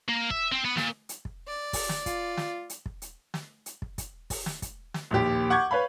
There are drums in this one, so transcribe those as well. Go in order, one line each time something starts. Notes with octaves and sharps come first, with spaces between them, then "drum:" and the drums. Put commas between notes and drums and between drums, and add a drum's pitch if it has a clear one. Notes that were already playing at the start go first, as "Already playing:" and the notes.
A#3
E5, drum: kick
C4
B3
A#2, drum: snare
drum: hi-hat
drum: kick
D5
drum: kick, open hi-hat
drum: snare
F4, drum: kick, hi-hat
drum: snare
drum: hi-hat
drum: kick
drum: hi-hat
drum: snare
drum: hi-hat
drum: kick
drum: kick, hi-hat
drum: kick, open hi-hat
drum: snare
drum: kick, hi-hat
drum: snare
A#1 D#2 G4
F#5 C#6 D6 G6 G#6
B4 C#5 F5 B5